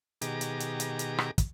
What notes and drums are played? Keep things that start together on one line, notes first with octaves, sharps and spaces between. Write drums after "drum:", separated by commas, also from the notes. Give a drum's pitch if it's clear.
B2 D#3 G4 G#4 A#5 D6, drum: hi-hat
drum: hi-hat
drum: hi-hat
drum: hi-hat
drum: hi-hat
drum: rim click
drum: kick, hi-hat